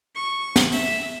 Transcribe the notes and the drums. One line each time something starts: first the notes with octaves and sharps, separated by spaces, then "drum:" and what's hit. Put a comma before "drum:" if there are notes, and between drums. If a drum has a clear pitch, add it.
C#6
drum: snare
E5, drum: open hi-hat